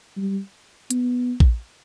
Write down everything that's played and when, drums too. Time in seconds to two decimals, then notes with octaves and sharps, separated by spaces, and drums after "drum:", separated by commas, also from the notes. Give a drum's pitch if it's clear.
0.17 G3
0.90 B3, drum: hi-hat
1.40 drum: kick A#1